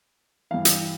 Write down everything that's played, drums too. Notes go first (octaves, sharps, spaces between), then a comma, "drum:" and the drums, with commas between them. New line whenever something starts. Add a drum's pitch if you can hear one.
G2 E3 F5
drum: hi-hat